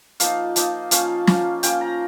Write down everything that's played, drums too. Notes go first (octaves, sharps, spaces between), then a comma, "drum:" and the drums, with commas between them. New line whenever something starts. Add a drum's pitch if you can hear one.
F3 A#3 D#4 F5, drum: hi-hat
F3 A#3 D#4, drum: hi-hat
F3 A#3 C#4 F5, drum: hi-hat
F3 A#3 C#4, drum: snare
A#3 C#4 F4 G5, drum: hi-hat
A#5